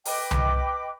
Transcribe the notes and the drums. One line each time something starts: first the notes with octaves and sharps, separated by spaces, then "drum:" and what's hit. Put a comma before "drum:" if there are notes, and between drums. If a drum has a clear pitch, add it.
B4 D#5 G5 D6, drum: open hi-hat
drum: tom C2